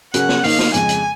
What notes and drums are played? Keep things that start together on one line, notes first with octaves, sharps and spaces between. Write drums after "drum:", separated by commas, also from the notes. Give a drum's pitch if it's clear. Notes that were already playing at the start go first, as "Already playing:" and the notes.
C#3 F#3 C#4 F#4 A#4 F#5, drum: hi-hat
drum: snare
D#3 A#3 D#4 F5, drum: open hi-hat
drum: snare
F2 C#3 G#3 G#5, drum: hi-hat
drum: hi-hat